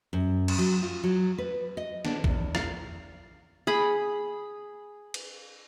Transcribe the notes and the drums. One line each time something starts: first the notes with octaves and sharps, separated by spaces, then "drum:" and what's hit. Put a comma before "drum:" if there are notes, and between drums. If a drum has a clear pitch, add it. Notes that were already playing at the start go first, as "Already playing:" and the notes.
F#2
drum: cymbal
F#3
F4
F#3
B4
D#5
D4, drum: snare
E2, drum: kick
F5, drum: rim click
G#4 B5
drum: cymbal